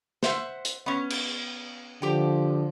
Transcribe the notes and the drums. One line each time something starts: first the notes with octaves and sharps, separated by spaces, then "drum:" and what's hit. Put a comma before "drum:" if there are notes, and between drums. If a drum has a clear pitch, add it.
C5 E5 F#5, drum: snare
drum: hi-hat
B3 C#4
drum: cymbal
D3 F3 G4 G5